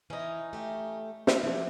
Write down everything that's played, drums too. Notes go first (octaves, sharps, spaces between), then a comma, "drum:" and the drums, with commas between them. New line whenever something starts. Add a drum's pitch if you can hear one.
E3 C#4 D#4
A3 G4
F5, drum: snare
E3 F3 B3 D4